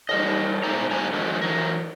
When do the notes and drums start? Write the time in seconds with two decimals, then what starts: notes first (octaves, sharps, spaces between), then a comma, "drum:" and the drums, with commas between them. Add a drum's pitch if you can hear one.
0.09 G3 A#4 D#5, drum: cymbal
0.64 B2 G#3 C5 E5 A#5
0.91 G2 B3 G#5 A#5
1.13 D3 D#3 F3 F#3 G#3 A3
1.41 E3 F#3 A#4